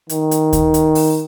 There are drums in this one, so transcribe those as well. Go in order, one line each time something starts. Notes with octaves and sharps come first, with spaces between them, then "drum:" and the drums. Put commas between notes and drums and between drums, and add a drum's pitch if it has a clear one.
D#3, drum: hi-hat
drum: hi-hat
drum: kick D2, hi-hat
drum: hi-hat
drum: open hi-hat